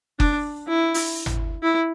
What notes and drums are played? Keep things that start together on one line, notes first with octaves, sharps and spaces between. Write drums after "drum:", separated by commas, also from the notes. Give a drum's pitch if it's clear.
D4, drum: kick F#1
E4
drum: open hi-hat
drum: tom G#1
E4